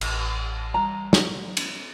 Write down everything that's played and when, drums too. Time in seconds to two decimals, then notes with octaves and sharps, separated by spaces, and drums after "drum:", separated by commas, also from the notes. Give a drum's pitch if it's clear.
0.01 A1, drum: cymbal
0.74 E3 G3 A#5
1.13 drum: snare
1.57 drum: cymbal